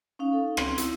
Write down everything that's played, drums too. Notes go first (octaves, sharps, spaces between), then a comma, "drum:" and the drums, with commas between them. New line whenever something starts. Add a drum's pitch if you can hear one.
C#4 D#4 F5
A4
C4, drum: rim click
E4, drum: hi-hat